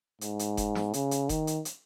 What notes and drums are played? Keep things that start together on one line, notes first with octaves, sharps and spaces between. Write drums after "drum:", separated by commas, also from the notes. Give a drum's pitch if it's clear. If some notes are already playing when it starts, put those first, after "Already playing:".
G#2, drum: hi-hat
drum: hi-hat
drum: kick F1, hi-hat
drum: snare
C#3, drum: hi-hat
drum: hi-hat
D#3, drum: kick F1, hi-hat
drum: hi-hat
drum: hi-hat